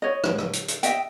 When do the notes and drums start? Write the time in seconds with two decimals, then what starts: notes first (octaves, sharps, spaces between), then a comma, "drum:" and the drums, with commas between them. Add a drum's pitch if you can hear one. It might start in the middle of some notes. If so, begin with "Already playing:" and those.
0.02 C#5 D#5
0.24 drum: rim click
0.38 drum: rim click
0.53 drum: hi-hat
0.68 drum: hi-hat
0.83 D#5 E5 G5, drum: hi-hat